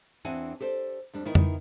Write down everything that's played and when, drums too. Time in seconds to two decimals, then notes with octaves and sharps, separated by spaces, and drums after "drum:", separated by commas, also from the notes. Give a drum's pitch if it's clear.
0.25 E2 E3 C4 D4 F#5 G#5
0.60 G4 A4 C5 D5
1.13 F2 G3 D4
1.25 D#3 B3 D#4 E4
1.35 drum: tom F2